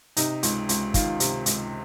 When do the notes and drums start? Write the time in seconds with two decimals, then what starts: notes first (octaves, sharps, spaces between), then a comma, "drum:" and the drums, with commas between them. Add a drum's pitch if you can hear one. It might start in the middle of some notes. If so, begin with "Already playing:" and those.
0.17 C3 D#4, drum: hi-hat
0.43 C#2, drum: hi-hat
0.69 C#2, drum: hi-hat
0.94 D#3 F4, drum: kick, hi-hat
1.20 C3, drum: hi-hat
1.46 C#2, drum: hi-hat